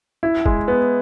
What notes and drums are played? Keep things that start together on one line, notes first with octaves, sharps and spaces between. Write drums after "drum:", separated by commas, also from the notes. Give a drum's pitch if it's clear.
E4
G#3, drum: kick
B3